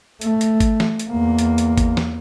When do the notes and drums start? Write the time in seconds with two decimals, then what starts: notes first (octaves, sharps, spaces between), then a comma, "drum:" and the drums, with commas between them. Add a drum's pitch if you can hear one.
0.21 A3, drum: hi-hat
0.41 drum: hi-hat
0.60 drum: kick G#1, hi-hat
0.80 drum: snare
0.99 drum: hi-hat
1.10 E2 A#3
1.39 drum: hi-hat
1.58 drum: hi-hat
1.78 drum: kick G#1, hi-hat
1.97 drum: snare